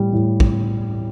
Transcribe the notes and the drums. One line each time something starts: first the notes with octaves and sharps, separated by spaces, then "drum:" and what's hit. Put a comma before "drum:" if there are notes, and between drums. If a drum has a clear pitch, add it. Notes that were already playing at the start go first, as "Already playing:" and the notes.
Already playing: A2 G3
A2
drum: kick